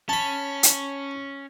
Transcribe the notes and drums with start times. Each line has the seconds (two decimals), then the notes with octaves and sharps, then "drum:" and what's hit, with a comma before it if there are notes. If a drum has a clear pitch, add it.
0.09 C#4 A5 B5
0.63 drum: hi-hat